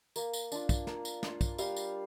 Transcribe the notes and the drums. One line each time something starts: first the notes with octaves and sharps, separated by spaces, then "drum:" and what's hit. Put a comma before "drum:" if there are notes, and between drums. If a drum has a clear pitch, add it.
A#3, drum: tambourine
drum: tambourine
D4 F4, drum: tambourine
drum: kick, tambourine
A#3, drum: snare
drum: tambourine
D4 F4, drum: snare
drum: kick, tambourine
G3 F5, drum: tambourine
drum: tambourine